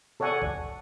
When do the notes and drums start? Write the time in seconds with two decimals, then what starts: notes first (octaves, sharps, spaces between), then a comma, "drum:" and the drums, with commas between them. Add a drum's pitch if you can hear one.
0.20 A4 C#5 D5 F#5 G#5
0.42 drum: kick C2